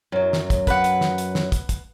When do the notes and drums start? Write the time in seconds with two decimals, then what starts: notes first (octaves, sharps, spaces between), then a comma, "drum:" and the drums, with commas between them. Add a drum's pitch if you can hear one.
0.12 F#2 F#3
0.33 drum: snare
0.50 drum: kick, hi-hat
0.67 B4 F#5, drum: kick, hi-hat
0.84 drum: hi-hat
1.01 drum: snare
1.18 drum: hi-hat
1.35 drum: snare
1.52 drum: kick, hi-hat
1.69 drum: kick, hi-hat